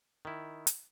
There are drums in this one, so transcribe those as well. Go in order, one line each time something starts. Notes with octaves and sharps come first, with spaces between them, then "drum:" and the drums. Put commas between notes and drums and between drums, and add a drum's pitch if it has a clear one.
D#3 E4
drum: hi-hat